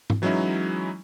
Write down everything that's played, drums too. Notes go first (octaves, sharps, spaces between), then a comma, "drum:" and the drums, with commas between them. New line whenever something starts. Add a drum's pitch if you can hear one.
drum: tom G#2
E3 F#3 G#3 C#4 D#4 E4